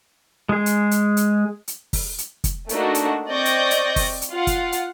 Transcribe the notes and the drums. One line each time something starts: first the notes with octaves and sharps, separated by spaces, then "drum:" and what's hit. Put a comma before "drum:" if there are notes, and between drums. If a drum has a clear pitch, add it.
G#3 G#4
drum: hi-hat
drum: hi-hat
drum: hi-hat
drum: hi-hat
drum: kick, open hi-hat
drum: hi-hat
drum: kick, hi-hat
A3 A#3 D4 D#4 F#4, drum: hi-hat
drum: hi-hat
C4 D5 D#5 C#6 G6 A#6
drum: hi-hat
drum: hi-hat
drum: kick, open hi-hat
drum: hi-hat
F4 F5 F#5
drum: kick, hi-hat
drum: hi-hat